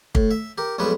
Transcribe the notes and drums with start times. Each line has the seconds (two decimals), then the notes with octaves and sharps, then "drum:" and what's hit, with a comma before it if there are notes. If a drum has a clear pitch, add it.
0.15 A2, drum: kick
0.31 E5
0.58 G4 A#4
0.79 B1 F2 G3 G#3 B4